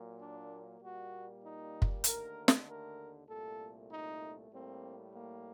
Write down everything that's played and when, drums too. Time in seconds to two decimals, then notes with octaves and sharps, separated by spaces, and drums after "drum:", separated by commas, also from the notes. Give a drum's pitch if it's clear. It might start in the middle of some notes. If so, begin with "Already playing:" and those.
Already playing: A#2 F#3 A#3
0.19 D4
0.80 A#2 G3 A#3 F#4
1.43 D#4
1.82 drum: kick
2.04 D#2 D3 A3 A#4, drum: hi-hat
2.48 drum: snare
2.66 A#4
3.27 C2 A#2 A3 A4
3.89 D#4
4.50 A2 G3 A#3 C4
5.12 A#3